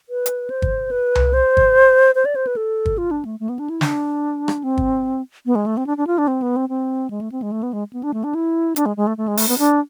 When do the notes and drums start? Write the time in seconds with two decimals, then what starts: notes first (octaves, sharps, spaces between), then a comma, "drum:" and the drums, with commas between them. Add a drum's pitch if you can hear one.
0.09 B4
0.26 drum: hi-hat
0.50 C5
0.62 drum: kick G1
0.91 B4
1.15 drum: tom C2
1.33 C5
1.57 drum: kick G1
2.15 C5
2.25 D5
2.36 C5
2.47 B4
2.56 A4
2.86 drum: kick G1
2.98 F4
3.11 D4
3.25 A3
3.40 A3
3.49 B3
3.59 D4
3.70 E4
3.81 D4, drum: snare
4.48 drum: rim click
4.64 C4
4.78 drum: kick G1
5.46 B3
5.55 G#3
5.66 A3
5.77 C4
5.87 D4
5.97 D4
6.07 F4
6.18 D4
6.28 C4
6.42 B3
6.56 C4
6.69 C4
7.10 G#3
7.21 A3
7.32 C4
7.42 G#3
7.52 A3
7.63 B3
7.73 G#3
7.93 B3
8.03 D4
8.14 A3
8.24 D4
8.35 E4
8.76 D4, drum: hi-hat
8.86 G#3
8.97 G#3
9.07 A3
9.17 A3
9.28 G#3
9.37 A3, drum: open hi-hat
9.49 B3
9.58 D4